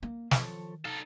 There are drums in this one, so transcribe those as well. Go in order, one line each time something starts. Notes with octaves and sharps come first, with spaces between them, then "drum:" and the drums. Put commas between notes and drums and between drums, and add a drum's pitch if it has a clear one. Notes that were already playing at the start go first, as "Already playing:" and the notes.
A#3
D#3 F3 A4 C#5, drum: snare
D#4 A4 F5 A5